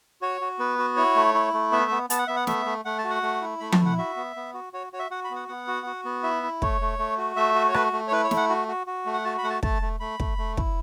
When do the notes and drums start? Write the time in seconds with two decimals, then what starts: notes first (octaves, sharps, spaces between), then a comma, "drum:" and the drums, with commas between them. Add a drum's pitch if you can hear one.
0.21 F#4 C#5
0.41 F#4
0.59 B3 B4
0.78 F#4
0.96 E4 C#5
1.15 A3
1.34 E4
1.54 A3
1.72 B3 E5
1.91 B3
2.10 B3 A5, drum: hi-hat
2.18 F#5
2.27 B3 E5
2.36 F#5
2.47 A3 E5, drum: snare
2.66 A3
2.85 A3 F#5
2.98 A5
3.04 F#4
3.10 F#5
3.23 A3
3.42 E4
3.60 A3 B5
3.72 A5, drum: tom F3
3.80 E4
3.86 F#5
3.98 F#4 E5
4.16 B3
4.36 B3
4.54 F#4
4.73 F#4 C#5
4.93 F#4 C#5
4.99 E5
5.11 F#4 F#5
5.24 B5
5.30 B3
5.36 F#5
5.48 B3 F#5
5.67 F#4
5.87 F#4
6.05 B3
6.23 E4 E5
6.43 E4
6.62 A3 C#5, drum: kick
6.81 A3
6.99 A3
7.18 F#4
7.36 A3 E5
7.55 F#4
7.68 C#5
7.74 A3 B4, drum: rim click
7.93 A3
8.08 C#5
8.12 E4 B4
8.24 C#5
8.31 A3, drum: snare
8.37 F#5
8.49 F#4
8.68 F#4
8.87 F#4
9.06 A3
9.14 F#5
9.25 F#4 A5
9.38 B5
9.43 A3 F#5
9.50 A5
9.63 A3 A5, drum: kick
9.82 A3
10.00 A3 B5
10.20 A3, drum: kick
10.38 A3
10.57 E4, drum: kick